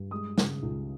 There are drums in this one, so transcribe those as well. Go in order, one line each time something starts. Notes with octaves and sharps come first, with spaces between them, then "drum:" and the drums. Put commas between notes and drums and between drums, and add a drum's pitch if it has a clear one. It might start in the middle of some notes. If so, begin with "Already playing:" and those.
Already playing: G2
G#3 D#6
C#3, drum: snare
C#2